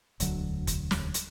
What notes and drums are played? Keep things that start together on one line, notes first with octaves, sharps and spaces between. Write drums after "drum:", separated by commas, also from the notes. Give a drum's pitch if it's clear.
E1 D2 D3 F#3, drum: hi-hat
drum: kick F1, hi-hat
drum: snare
drum: hi-hat